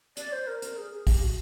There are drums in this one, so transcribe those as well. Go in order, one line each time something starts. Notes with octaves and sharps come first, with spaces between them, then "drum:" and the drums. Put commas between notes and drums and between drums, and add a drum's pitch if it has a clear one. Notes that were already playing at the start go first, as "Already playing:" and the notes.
D5, drum: hi-hat
C5
A#4
A#4, drum: hi-hat
G#4
G#4
G4, drum: kick, open hi-hat
F#4